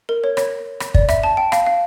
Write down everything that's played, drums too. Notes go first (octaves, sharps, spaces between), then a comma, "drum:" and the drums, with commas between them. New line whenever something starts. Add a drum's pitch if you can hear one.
A#4
C#5
C#5, drum: rim click
drum: rim click
D5, drum: kick
E5, drum: rim click
A5
G5
F5, drum: rim click
F5